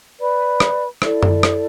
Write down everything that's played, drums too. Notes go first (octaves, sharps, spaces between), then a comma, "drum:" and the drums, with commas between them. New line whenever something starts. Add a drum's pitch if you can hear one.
B4 D5 B5
drum: rim click
E4 A4 D5, drum: rim click
drum: tom F#2
drum: rim click